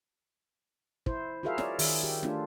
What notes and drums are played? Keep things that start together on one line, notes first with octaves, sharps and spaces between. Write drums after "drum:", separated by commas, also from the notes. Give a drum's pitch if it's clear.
E4 C5, drum: kick
F4 F#4 G#4 A#4 E5 F5
C#5 D5, drum: snare
D#3 G#4 E5, drum: open hi-hat
G4
A3 D4 F4, drum: snare